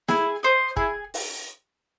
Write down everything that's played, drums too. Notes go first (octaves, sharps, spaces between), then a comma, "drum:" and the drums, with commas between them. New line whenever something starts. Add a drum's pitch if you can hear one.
E4 G#4, drum: snare
C5 D#5
E4 G#4, drum: kick
drum: open hi-hat